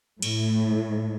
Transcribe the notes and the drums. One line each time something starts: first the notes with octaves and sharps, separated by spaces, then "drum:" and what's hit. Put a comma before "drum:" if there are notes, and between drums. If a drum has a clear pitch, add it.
A2, drum: cymbal